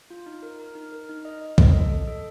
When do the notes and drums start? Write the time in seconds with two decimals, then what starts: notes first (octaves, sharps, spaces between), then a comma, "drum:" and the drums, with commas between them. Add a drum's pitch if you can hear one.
0.10 F4
0.26 D#4
0.43 A#4
0.60 A#4
0.75 D#4
0.92 A#4
1.09 D#4
1.25 D#5
1.41 D#5
1.58 D#5, drum: kick
1.75 A4
1.91 D#5
2.07 A4